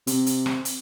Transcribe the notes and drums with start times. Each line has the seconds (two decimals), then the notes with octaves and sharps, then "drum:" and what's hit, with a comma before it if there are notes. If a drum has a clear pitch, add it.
0.07 C3, drum: hi-hat
0.26 drum: hi-hat
0.46 drum: rim click
0.65 drum: hi-hat